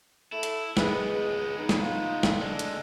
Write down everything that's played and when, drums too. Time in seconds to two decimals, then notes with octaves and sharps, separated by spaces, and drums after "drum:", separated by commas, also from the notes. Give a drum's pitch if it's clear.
0.32 A3 E4
0.43 drum: hi-hat
0.77 G#3 B3 G#4 B4, drum: snare
1.12 C#2
1.58 D#4
1.69 drum: snare
1.82 F4
2.23 drum: snare
2.41 D3 G#3 D4
2.59 drum: hi-hat